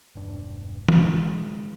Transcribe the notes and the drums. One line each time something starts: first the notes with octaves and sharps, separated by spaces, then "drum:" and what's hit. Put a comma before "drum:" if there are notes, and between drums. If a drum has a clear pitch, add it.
E1 G2 D4
E3 G#3, drum: tom